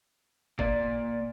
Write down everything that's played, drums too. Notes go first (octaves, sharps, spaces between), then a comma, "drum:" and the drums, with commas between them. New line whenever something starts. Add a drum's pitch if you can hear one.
A#2 A#3 D5, drum: kick